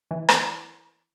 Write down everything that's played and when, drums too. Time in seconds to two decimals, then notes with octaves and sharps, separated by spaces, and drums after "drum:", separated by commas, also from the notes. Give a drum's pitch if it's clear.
0.11 E3
0.29 drum: rim click